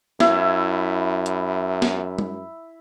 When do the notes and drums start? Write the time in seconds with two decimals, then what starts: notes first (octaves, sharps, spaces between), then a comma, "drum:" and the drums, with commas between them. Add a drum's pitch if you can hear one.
0.20 F#2 E4, drum: snare
1.26 drum: hi-hat
1.82 drum: snare
2.19 drum: tom G3